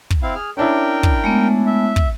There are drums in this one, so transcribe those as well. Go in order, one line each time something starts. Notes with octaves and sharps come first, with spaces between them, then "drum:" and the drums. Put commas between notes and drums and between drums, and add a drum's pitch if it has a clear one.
drum: kick
C4 E4 F5
G#4 F6
C#4 D4 E4 A#4 G5
drum: kick
G#3 A3 B3
E5
drum: kick